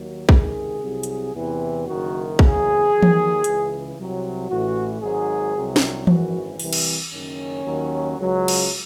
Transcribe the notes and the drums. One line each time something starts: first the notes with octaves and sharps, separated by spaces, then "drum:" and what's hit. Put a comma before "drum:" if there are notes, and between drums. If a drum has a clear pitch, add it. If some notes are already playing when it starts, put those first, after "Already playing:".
Already playing: D#2 D#3 F#3
C#2 C3 D#3 G#4, drum: kick
C2 C3 F#3
drum: hi-hat
E2 C3 E3
F#1 F#2 D#3 F#4
F#1 E2 C#3 G#4, drum: kick
D#2 D#3 F#3
drum: tom E3
C#2 C#3 E3, drum: hi-hat
C2 C3 F#3
A1 A2 E3 F#4
G#1 G#2 F#3 G#4
C2 C3 F#3
drum: snare
G#1 F#2 E3 F#4, drum: tom E3
C2 C3 E3, drum: open hi-hat
drum: cymbal
F#1 F#2 D#3 C#4
D#2 D#3 F#3
C#2 C#3 F#3
drum: cymbal